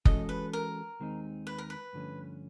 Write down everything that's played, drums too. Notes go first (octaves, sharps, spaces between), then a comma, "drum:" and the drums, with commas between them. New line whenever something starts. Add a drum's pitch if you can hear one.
E3 G#3 C#4 F#4 A4 D#5, drum: kick
B4
A#4
D#2 D#3 G#3 C4 D#4
B4
A#4
B4
G2 D3 F3 A3 C#4